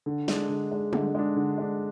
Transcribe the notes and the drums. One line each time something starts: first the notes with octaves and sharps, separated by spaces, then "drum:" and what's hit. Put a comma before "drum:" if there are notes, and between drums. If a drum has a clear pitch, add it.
D3
G#3 D4, drum: snare
D3
G#3 D4
D3, drum: tom
G#3 D4
D3
G#3 D4